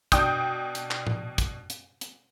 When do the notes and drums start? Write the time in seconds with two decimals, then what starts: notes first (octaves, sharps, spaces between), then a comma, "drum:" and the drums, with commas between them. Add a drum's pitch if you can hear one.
0.12 B2 D4 G5 D#6 G6, drum: kick, hi-hat
0.75 drum: hi-hat
0.91 drum: clap
1.07 drum: tom A2
1.38 drum: kick, hi-hat
1.70 drum: hi-hat
2.01 drum: hi-hat